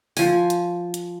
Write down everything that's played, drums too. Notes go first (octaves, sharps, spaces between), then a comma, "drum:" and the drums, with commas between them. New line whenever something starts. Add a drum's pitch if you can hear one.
F3 G#5, drum: open hi-hat
drum: hi-hat
drum: hi-hat